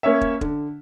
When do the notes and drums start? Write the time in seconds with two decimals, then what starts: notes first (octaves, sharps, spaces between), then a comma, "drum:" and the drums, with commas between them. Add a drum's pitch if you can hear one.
0.03 A#3 C#4 C#5 E5
0.21 drum: kick
0.41 D3, drum: kick